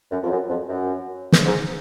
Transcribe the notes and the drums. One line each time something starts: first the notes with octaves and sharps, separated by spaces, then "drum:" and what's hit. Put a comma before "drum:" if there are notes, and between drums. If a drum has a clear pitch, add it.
F#2
F2
F#2
F2
F#2
drum: snare
G#2